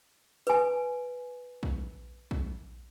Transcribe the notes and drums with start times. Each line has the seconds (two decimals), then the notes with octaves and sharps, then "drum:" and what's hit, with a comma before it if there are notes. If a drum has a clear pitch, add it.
0.47 B4 G#5, drum: hi-hat
1.63 drum: kick A#1
2.31 drum: kick A#1